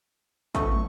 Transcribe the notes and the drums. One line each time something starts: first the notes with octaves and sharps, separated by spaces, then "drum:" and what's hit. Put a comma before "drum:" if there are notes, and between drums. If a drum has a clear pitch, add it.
F3 A3 B3 C#6, drum: kick, hi-hat
drum: tom